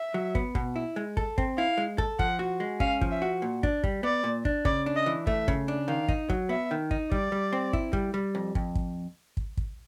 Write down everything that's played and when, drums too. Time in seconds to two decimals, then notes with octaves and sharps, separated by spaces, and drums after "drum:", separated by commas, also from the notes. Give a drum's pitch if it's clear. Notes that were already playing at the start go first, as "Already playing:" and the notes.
Already playing: E5
0.14 F#3
0.35 B3, drum: kick
0.55 B2, drum: kick
0.76 E4
0.96 G#3
1.17 A4, drum: kick
1.38 C4, drum: kick
1.58 E4 F5
1.78 G#3
1.98 A4, drum: kick
2.19 F3 F#5, drum: kick
2.39 F#4
2.60 G#3
2.80 C#4 F5, drum: kick
3.01 F3, drum: kick
3.11 E5
3.22 F#4
3.42 A#2
3.63 D4, drum: kick
3.84 G3, drum: kick
4.03 B3 D5
4.24 A#2
4.45 D4, drum: kick
4.65 C#3 D5, drum: kick
4.86 D4
4.96 D#5
5.06 E3
5.27 A3 E5, drum: kick
5.48 C#3, drum: kick
5.68 D4
5.88 D#3 F5
6.08 D#4, drum: kick
6.30 F#3, drum: kick
6.49 B3 E5
6.71 D#3
6.91 D#4, drum: kick
7.12 G3 D5, drum: kick
7.32 G3
7.53 C4
7.73 E4, drum: kick
7.93 G3, drum: kick
8.14 G3
8.35 F2
8.55 F2, drum: kick
8.75 drum: kick
9.37 drum: kick
9.57 drum: kick